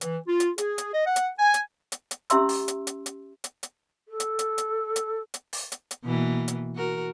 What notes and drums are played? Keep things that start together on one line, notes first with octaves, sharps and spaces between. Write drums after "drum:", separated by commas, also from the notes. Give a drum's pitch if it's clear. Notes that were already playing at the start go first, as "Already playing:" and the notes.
E3, drum: hi-hat
F4
drum: hi-hat
G#4, drum: hi-hat
drum: hi-hat
D#5
F#5
drum: hi-hat
G#5
drum: hi-hat
drum: hi-hat
drum: hi-hat
C#4 E4 G4 E5 C6 E6, drum: hi-hat
drum: open hi-hat
drum: hi-hat
drum: hi-hat
drum: hi-hat
drum: hi-hat
drum: hi-hat
A4
drum: hi-hat
drum: hi-hat
drum: hi-hat
drum: hi-hat
drum: hi-hat
drum: open hi-hat
drum: hi-hat
drum: hi-hat
B2 E3 A#3
drum: hi-hat
F#4 A#4